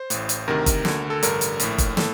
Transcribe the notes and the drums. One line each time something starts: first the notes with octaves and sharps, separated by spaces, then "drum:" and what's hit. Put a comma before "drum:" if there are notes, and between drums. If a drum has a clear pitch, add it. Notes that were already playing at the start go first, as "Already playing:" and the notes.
Already playing: C5
A1 A2, drum: hi-hat
drum: hi-hat
D2 C3 D#3 A#4
drum: kick, hi-hat
D2 D3, drum: snare
A4
A1 G2 D3 A#4, drum: hi-hat
drum: hi-hat
A#1 A2, drum: hi-hat
drum: kick, hi-hat
A2 A4, drum: snare